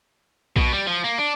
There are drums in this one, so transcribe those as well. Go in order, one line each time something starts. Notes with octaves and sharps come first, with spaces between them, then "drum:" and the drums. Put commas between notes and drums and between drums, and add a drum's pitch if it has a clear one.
B2, drum: kick A#1
G3
F3
A#3
D4